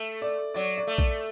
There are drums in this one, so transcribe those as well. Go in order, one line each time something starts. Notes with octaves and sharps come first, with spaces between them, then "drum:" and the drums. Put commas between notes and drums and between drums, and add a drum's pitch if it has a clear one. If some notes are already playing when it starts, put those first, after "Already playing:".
Already playing: A3
D5
F#3 D5
D5
A3
D5, drum: kick A#1